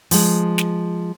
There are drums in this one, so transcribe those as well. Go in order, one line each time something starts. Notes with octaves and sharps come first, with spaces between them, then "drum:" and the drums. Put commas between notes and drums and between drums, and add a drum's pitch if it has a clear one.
F3 G#3, drum: open hi-hat
drum: snare